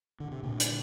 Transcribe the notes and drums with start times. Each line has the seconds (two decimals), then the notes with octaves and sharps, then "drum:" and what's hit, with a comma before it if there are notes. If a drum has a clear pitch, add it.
0.20 D3
0.31 C3
0.43 A#2 D3
0.60 drum: hi-hat